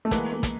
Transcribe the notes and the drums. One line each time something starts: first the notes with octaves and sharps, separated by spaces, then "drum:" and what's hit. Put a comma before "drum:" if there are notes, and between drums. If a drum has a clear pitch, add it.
A3
E3 G#3 A#3 B3, drum: kick, hi-hat
A#3
drum: kick, hi-hat